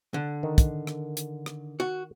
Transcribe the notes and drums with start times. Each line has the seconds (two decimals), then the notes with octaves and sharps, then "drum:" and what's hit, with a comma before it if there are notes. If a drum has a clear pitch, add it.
0.14 D3
0.43 D#3
0.58 drum: kick, hi-hat
0.87 drum: rim click
1.17 drum: hi-hat
1.46 drum: rim click
1.80 F#4